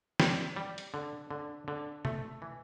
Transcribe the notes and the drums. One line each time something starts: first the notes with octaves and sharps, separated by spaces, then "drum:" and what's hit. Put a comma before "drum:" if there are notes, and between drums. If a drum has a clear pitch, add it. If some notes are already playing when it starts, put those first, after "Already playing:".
G3, drum: snare
G3
drum: hi-hat
D3
D3
D3
A3, drum: tom B2
E3